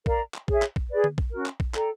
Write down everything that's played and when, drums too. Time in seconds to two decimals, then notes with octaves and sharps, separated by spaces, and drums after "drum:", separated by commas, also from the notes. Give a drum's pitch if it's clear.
0.06 A#4 D5 F5 A#5, drum: kick A#1
0.34 drum: clap
0.48 G#4 C#5 E5, drum: kick A#1
0.62 drum: clap
0.76 drum: kick A#1
0.90 G#4 B4 D5
1.04 drum: tom D3
1.18 drum: kick A#1
1.32 C#4 F#4 A#4
1.46 drum: clap
1.60 drum: kick A#1
1.74 A4 D5 G5 A#5, drum: clap